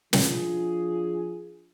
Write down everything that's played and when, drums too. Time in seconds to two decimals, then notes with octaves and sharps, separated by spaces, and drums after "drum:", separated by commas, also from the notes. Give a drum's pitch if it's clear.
0.13 F3 D4 F4 G#4, drum: snare